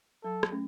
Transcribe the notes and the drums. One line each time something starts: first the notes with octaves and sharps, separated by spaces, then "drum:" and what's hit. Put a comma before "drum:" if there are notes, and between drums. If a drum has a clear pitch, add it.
F#3 A4
drum: rim click
A3 C#4